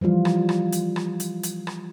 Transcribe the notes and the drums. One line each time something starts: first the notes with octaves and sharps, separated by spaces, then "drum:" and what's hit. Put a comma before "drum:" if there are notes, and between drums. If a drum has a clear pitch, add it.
E3 F3 G3 F4
drum: rim click
drum: rim click
drum: hi-hat
drum: rim click
drum: hi-hat
drum: hi-hat
drum: rim click